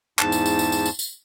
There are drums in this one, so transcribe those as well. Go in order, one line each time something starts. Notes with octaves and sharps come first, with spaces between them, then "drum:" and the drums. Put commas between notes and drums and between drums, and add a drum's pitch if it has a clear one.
E2 G#2 A5, drum: clap
drum: tambourine
drum: tambourine
drum: tambourine
drum: tambourine
drum: tambourine
drum: tambourine